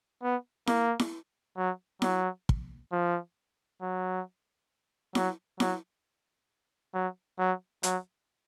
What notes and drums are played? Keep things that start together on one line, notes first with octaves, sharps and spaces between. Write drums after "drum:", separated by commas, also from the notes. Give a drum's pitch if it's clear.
B3
A#3, drum: snare E4
drum: snare E4
F#3
F#3, drum: snare E4
drum: kick
F3
F#3
F#3, drum: snare E4
F#3, drum: snare E4
F#3
F#3
F#3, drum: hi-hat